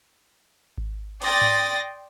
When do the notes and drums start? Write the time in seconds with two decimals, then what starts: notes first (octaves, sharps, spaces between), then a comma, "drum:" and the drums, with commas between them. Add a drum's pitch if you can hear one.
0.78 drum: kick G#1
1.22 D5 G5 C6 D#6 A6 A#6, drum: open hi-hat
1.41 drum: tom G#2